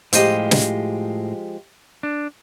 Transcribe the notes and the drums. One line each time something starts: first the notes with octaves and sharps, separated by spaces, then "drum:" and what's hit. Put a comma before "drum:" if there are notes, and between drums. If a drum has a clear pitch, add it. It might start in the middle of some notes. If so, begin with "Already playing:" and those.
A2 F3 G#3 G4 C5 D#5, drum: hi-hat
drum: snare
D4